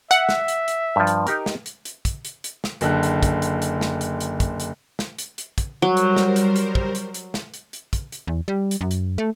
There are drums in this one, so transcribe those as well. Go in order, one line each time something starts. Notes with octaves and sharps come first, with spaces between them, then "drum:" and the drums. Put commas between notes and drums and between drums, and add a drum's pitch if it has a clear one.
E5 F#5, drum: hi-hat
drum: snare
drum: hi-hat
drum: hi-hat
G2 F3
drum: hi-hat
D#4 G4 A#4, drum: hi-hat
drum: snare
drum: hi-hat
drum: hi-hat
drum: kick, hi-hat
drum: hi-hat
drum: hi-hat
drum: snare
F#1 D3 F#6, drum: hi-hat
drum: hi-hat
drum: kick, hi-hat
drum: hi-hat
drum: hi-hat
drum: snare
drum: hi-hat
drum: hi-hat
drum: kick, hi-hat
drum: hi-hat
drum: snare
drum: hi-hat
drum: hi-hat
drum: kick, hi-hat
F#3 G3 A#4 C5
drum: hi-hat
drum: snare
drum: hi-hat
drum: hi-hat
drum: kick
drum: hi-hat
drum: hi-hat
drum: snare
drum: hi-hat
drum: hi-hat
drum: kick, hi-hat
drum: hi-hat
E2
G3
drum: hi-hat
F#2
drum: hi-hat
A3